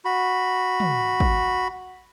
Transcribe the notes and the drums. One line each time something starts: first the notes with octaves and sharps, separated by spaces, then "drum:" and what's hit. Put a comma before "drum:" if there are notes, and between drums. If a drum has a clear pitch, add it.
F#4 B5
drum: tom
drum: kick